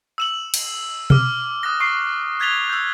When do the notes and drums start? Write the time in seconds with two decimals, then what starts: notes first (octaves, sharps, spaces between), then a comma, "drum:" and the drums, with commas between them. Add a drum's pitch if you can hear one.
0.18 E6 E7 F#7
0.54 drum: cymbal
1.10 D6 F6, drum: tom B2
1.63 D#6 F#6 A#6
1.80 C#6 C7
2.40 F#6 G#6 A6 B6 F7 G7
2.70 E6 G6